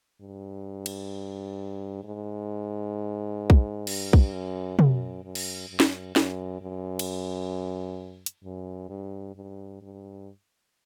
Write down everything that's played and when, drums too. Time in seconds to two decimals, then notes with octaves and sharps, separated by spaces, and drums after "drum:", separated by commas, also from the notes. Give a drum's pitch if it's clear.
0.21 G2
0.86 drum: cymbal
2.04 G#2
3.50 drum: kick
3.87 G2, drum: cymbal
4.13 drum: kick
4.33 F#2
4.79 F#2, drum: tom
5.24 F#2
5.35 drum: cymbal
5.69 F#2
5.80 drum: snare
6.16 F#2, drum: snare
6.61 F#2
6.99 drum: cymbal
8.26 drum: hi-hat
8.44 F#2
8.89 G2
9.36 G2
9.82 G2